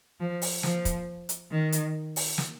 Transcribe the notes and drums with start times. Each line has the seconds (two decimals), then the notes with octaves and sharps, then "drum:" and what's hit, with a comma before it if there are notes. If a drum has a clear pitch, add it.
0.20 F3
0.42 drum: open hi-hat
0.63 F3, drum: snare
0.85 drum: kick, hi-hat
1.29 drum: hi-hat
1.51 D#3
1.72 drum: hi-hat
2.16 drum: open hi-hat
2.38 drum: snare